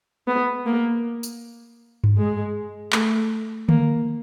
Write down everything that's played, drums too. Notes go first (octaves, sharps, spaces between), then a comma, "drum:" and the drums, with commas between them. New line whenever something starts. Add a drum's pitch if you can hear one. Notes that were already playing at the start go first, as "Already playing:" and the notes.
B3
A#3
drum: tambourine
drum: tom G2
G#3
A3, drum: clap
A#3, drum: tom D3